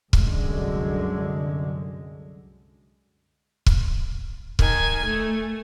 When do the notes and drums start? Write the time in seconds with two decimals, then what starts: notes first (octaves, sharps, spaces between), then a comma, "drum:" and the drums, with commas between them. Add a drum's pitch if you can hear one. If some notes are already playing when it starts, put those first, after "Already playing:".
0.13 C2 F#2 D3 G#3, drum: kick
3.66 drum: kick
4.59 D#3 G#5, drum: kick
5.05 A3